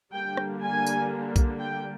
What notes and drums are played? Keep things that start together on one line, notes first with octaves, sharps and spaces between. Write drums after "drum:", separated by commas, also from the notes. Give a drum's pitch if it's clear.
D3 G3 A#3 G5
drum: rim click
G#5
drum: tambourine
drum: kick B1, tambourine
G5